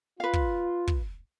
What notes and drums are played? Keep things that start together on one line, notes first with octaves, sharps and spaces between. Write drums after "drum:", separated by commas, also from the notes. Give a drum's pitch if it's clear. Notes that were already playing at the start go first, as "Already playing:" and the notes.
F4 B4 F5
drum: kick
drum: kick